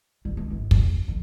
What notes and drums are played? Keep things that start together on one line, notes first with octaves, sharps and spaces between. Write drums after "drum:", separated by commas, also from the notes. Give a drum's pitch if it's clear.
G3
G#3 D4
G#1
G3, drum: kick
F#1
F2